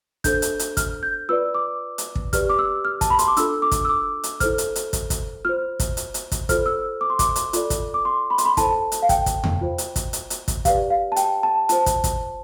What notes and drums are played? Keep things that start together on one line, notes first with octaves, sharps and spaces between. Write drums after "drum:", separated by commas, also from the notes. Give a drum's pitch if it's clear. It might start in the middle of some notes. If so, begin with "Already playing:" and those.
D4 A4 C5 G6, drum: kick, hi-hat
drum: hi-hat
drum: hi-hat
F6, drum: kick, hi-hat
G6
F4 B4 D5 E6
D6
drum: hi-hat
drum: kick
G4 B4 D5 F6, drum: kick, hi-hat
D6
E6
F6
A5, drum: kick, hi-hat
B5
C6, drum: hi-hat
D6
D4 F4 A4 E6, drum: hi-hat
D6
drum: kick, hi-hat
E6
D6
drum: hi-hat
E4 A4 C5 F6, drum: kick, hi-hat
drum: hi-hat
drum: hi-hat
drum: kick, hi-hat
drum: kick, hi-hat
F4 C5 F6
drum: kick, hi-hat
drum: hi-hat
drum: hi-hat
drum: kick, hi-hat
F4 A4 C5 F6, drum: kick, hi-hat
E6
D6
C6
D6, drum: kick, hi-hat
drum: hi-hat
F4 A4 D5, drum: hi-hat
drum: kick, hi-hat
D6
C6
B5
C6, drum: hi-hat
B5
E4 A4 C5 A5, drum: kick, hi-hat
drum: hi-hat
F5
G5, drum: kick, hi-hat
drum: kick, hi-hat
drum: tom E2
F4 C5
drum: hi-hat
drum: kick, hi-hat
drum: hi-hat
drum: hi-hat
drum: kick, hi-hat
G4 B4 D5 F5, drum: kick, hi-hat
F5
A5
G5, drum: hi-hat
A5
F4 C5 A5, drum: hi-hat
drum: kick, hi-hat
drum: kick, hi-hat